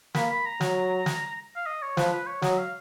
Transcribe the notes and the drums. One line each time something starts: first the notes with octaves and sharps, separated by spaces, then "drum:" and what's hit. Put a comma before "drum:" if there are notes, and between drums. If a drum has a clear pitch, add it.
A#3 B5, drum: snare
B5
A#5
F#3, drum: snare
drum: snare
F5
D#5
C#5
F3 B4, drum: snare
B4
C#5
F#3 D#5, drum: snare
F5